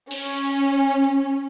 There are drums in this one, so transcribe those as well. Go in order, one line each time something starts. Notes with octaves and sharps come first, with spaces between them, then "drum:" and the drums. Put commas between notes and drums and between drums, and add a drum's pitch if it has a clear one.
C#4, drum: cymbal
drum: hi-hat